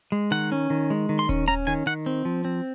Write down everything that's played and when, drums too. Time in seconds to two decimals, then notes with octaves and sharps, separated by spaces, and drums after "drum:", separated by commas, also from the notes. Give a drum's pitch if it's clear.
0.12 G#3
0.31 D#3 F#5
0.52 C#4
0.70 D#3
0.90 G#3
1.09 D#3
1.19 C6
1.29 C#4, drum: kick D#1, hi-hat
1.48 C#4 A#5
1.67 D#3 G#5, drum: hi-hat
1.86 D#3 F#5
2.06 C4
2.25 F3
2.45 C4